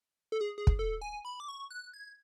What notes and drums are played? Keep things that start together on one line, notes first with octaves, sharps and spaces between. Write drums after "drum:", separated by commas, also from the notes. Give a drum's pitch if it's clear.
A4
G#4
G#4
drum: kick
A4
G#5
B5
D6
C#6
F#6
G#6